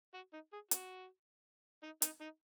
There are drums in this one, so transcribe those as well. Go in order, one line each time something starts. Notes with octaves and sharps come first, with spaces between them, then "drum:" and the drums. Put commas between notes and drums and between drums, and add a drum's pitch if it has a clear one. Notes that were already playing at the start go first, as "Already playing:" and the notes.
F#4
D#4
G#4
F#4, drum: hi-hat
D#4
D#4, drum: hi-hat
D#4